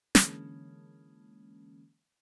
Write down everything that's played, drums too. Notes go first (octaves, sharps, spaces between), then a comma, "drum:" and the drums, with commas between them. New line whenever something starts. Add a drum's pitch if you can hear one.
D3 E3 G#3 A#3 C#4, drum: snare